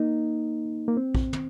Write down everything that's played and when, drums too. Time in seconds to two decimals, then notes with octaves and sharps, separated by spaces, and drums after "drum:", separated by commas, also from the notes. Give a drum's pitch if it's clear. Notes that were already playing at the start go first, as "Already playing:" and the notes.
Already playing: A#3 D#4
0.88 A#3
0.97 C4
1.15 drum: kick A#1
1.33 drum: tom